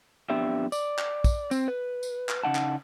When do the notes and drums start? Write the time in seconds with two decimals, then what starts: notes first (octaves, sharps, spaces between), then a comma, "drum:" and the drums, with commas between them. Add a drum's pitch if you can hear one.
0.30 F2 B3 D4 G4 E5
0.72 D5, drum: tambourine
0.98 drum: clap
1.24 drum: kick, tambourine
1.51 C4, drum: tambourine
1.68 B4
2.03 drum: tambourine
2.29 drum: clap
2.43 C#3 D#4 F#5 A5
2.55 drum: clap